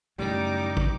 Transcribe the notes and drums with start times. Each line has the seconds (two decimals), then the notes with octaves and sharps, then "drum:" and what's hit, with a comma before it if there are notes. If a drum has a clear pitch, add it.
0.19 F#2 A2 C#3 G3 D#4 D6
0.77 drum: kick